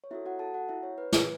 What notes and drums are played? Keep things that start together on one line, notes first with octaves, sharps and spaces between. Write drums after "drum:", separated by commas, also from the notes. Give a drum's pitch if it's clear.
C#5
B3 E4 F#4 A4 E5
F#4 F#5
A4 A5
F#4 F#5
E4 E5
C#5
B4
B4, drum: snare